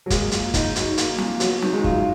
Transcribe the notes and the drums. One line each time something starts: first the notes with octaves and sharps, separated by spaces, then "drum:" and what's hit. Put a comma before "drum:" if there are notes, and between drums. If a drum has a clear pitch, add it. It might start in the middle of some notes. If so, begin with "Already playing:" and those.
F#3
G#3 A#3, drum: kick, hi-hat
A#2, drum: hi-hat
D#4, drum: kick, hi-hat
F#3, drum: hi-hat
A#3, drum: hi-hat
A#2, drum: snare
F#3 B3, drum: hi-hat
D#3, drum: snare
G#3
F4, drum: kick